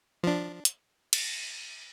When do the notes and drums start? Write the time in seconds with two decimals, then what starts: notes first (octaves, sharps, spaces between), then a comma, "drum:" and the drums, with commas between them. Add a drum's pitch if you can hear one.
0.23 F3 D4
0.65 drum: hi-hat
1.13 drum: cymbal